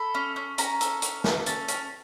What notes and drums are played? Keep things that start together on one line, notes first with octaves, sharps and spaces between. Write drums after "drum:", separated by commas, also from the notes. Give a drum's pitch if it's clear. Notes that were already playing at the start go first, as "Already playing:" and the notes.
Already playing: A4 B5
C#4
C#4
C#4 A#5, drum: hi-hat
A4, drum: hi-hat
C#4, drum: hi-hat
A4, drum: snare
C#4 A5, drum: hi-hat
C#4, drum: hi-hat